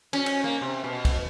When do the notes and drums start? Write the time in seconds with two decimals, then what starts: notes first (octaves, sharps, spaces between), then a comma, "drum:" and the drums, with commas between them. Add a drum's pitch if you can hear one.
0.13 C#4, drum: cymbal
0.26 drum: cymbal
0.44 A#3
0.61 C3
0.84 B2
1.05 drum: kick, cymbal